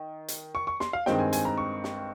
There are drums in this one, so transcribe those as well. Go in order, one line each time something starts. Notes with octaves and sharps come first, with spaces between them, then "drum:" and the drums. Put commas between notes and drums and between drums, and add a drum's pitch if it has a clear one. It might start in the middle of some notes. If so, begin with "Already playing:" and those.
Already playing: D#3
drum: hi-hat
C#6
C#6
C6, drum: snare
F5
G2 D#3 G#3 C4 D#4 G5, drum: snare
G#5
G#5, drum: hi-hat
A#5
C#6
drum: snare